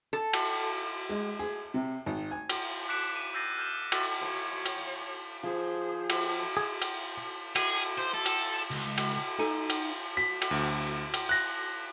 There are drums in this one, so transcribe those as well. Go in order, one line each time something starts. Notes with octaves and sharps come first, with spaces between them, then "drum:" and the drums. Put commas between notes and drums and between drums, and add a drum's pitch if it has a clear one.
A4
drum: cymbal
G#3
G#4
C3
G#1
G#5
drum: cymbal
D6 F#6 B6 C#7 D7 E7
D#7
E6 G6 A6 A#6 C7 D#7
F6 G6 E7
C#6 E6 A6, drum: cymbal
C#5
drum: cymbal
F3 G#4 C5
drum: cymbal
G#4
drum: cymbal
G#4, drum: cymbal
C5
A4
drum: cymbal
C#2
drum: cymbal
D#4 A4 G#5
drum: cymbal
F#4 B6
drum: cymbal
D2
drum: cymbal
F#6 A#6